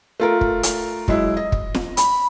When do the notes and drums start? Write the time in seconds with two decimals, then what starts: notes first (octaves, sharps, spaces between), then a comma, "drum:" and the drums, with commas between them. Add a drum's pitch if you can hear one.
0.20 A3 F4 A#4
0.41 drum: kick
0.63 drum: hi-hat
1.08 F#3 G#3 E4, drum: kick
1.37 D#5
1.52 drum: kick
1.74 drum: snare
1.97 B5, drum: hi-hat